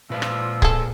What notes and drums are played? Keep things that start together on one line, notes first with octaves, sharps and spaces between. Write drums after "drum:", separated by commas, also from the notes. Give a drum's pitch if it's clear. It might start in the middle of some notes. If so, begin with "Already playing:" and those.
A#2 F3 B4 D5 C6 E6
drum: rim click
G#4 A4, drum: kick C#1